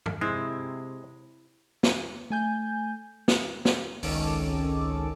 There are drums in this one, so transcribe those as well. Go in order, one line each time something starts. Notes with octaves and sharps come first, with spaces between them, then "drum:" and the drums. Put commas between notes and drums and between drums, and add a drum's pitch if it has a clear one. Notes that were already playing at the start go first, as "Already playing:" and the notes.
drum: tom G2
C3 G#3 C4 E4
drum: snare
A3 G#5 G6
drum: snare
drum: snare
G#1 C#2 D#3 C#4 A4 D6, drum: open hi-hat